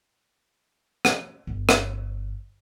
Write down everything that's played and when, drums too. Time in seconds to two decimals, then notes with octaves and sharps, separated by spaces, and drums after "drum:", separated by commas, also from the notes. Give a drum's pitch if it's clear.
1.05 drum: rim click
1.47 G1
1.69 drum: rim click